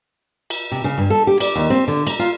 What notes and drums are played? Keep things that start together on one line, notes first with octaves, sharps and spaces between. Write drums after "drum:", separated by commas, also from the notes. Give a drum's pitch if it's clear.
drum: cymbal
C3
C#3
G2
A4
G4
D5, drum: cymbal
D#2
C4
D3
A#5, drum: cymbal
F4